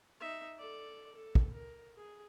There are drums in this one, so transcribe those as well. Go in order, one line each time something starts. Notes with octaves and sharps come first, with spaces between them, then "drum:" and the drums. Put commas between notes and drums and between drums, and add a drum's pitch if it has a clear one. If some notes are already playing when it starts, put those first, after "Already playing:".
D#4 E5
A4 D5
A4
drum: kick
A#4
G#4